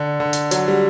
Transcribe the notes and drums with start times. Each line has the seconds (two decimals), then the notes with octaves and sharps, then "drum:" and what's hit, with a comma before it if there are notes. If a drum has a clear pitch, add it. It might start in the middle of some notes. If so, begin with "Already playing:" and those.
Already playing: D3
0.20 D3
0.33 drum: hi-hat
0.51 F#3, drum: hi-hat
0.68 G3